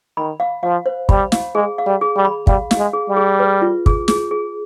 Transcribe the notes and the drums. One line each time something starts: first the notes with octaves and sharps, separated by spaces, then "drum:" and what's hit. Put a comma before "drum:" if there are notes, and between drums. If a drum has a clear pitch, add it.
D#3 B5
F5
F3 F5
C5
G3 B5, drum: kick
F5, drum: snare
G#3 G#4
F5
G3
G#4
G3
B5
G3 F5, drum: kick
F5, drum: snare
G#3
G#4
G3
G#4
B4
F4
G#4, drum: kick
G#4, drum: snare
G#4